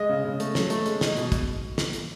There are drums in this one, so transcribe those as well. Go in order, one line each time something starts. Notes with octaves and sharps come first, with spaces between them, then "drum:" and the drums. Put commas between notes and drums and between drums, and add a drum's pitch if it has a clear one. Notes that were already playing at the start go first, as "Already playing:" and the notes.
Already playing: G#3 D#5
C#3
C#3
A3, drum: hi-hat
F#3, drum: snare
A3, drum: hi-hat
G#3, drum: hi-hat
D#4, drum: snare
B2, drum: hi-hat
drum: kick, hi-hat
drum: snare
drum: hi-hat